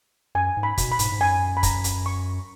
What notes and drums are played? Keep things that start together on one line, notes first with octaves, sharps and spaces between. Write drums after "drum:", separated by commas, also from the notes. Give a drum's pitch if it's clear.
F#2 G#5
G#2
B5
B2, drum: kick, hi-hat
B5
G#2, drum: hi-hat
G#2
F#2 G#5
B5
A#5, drum: kick, hi-hat
drum: hi-hat
C#6